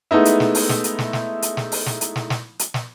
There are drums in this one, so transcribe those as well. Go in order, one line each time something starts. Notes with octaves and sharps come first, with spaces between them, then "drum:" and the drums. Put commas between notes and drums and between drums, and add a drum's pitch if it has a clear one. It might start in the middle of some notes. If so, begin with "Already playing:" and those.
G#3 A3 B3 D#4 E4
drum: hi-hat
drum: snare
drum: open hi-hat
drum: snare
drum: hi-hat
drum: snare
drum: snare
drum: hi-hat
drum: snare
drum: open hi-hat
drum: snare
drum: hi-hat
drum: snare
drum: snare
drum: hi-hat
drum: snare